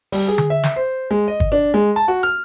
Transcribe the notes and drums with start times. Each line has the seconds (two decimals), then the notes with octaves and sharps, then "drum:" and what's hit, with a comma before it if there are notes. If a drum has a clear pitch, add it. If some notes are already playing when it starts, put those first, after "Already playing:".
0.12 G3, drum: open hi-hat
0.28 G#4
0.38 drum: tom D3
0.50 E5
0.63 drum: snare
0.76 C5
1.11 G#3
1.28 D#5
1.40 drum: kick
1.52 D4
1.74 G#3
1.96 A5
2.08 F#4
2.23 F6